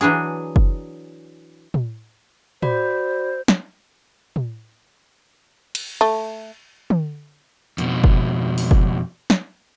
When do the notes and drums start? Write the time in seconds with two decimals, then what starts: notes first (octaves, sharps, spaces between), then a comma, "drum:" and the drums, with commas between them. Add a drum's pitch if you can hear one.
0.01 E3 F#3 D4 G#4
0.56 drum: kick F#1
1.74 drum: tom
2.62 F#4 C5 D5 B5, drum: tom
3.48 drum: snare
4.36 drum: tom
5.75 drum: cymbal
6.01 A3
6.90 drum: tom
7.78 F2 B2, drum: hi-hat
8.04 drum: kick F#1
8.58 drum: open hi-hat
8.71 drum: kick F#1
9.30 drum: snare